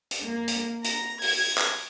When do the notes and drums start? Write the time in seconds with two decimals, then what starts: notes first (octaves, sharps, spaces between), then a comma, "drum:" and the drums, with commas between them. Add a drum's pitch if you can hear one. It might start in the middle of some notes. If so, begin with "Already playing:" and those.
0.11 drum: hi-hat
0.24 A#3
0.48 drum: hi-hat
0.84 A#5, drum: hi-hat
1.22 G#6, drum: open hi-hat
1.58 drum: clap